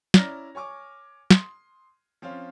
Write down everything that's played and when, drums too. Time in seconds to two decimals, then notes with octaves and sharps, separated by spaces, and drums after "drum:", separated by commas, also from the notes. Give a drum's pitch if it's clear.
0.14 C#4 E4 D5 A#5 F6 A#6, drum: snare
0.55 C#5 G#5 C#6 D6
1.31 C6 D#6, drum: snare
2.22 F3 C4 C#4 F4